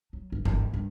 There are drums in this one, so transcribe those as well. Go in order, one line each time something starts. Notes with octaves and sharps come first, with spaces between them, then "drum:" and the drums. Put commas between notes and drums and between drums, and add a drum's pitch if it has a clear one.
F#3
G1
G1, drum: tom G#2
B3
G2